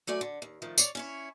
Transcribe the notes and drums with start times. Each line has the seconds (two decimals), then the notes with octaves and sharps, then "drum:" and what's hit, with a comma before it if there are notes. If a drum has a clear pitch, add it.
0.07 F#3 A3 D5 G#5
0.21 D3
0.42 D#2
0.62 D#3 F3 A3
0.78 C#5 D5, drum: tambourine
0.95 C#4 E4 C#5